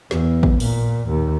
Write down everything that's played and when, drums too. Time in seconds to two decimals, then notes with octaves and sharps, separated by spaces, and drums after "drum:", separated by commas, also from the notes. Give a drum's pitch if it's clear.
0.11 E2, drum: snare
0.43 drum: kick
0.60 A#2, drum: open hi-hat
1.09 D#2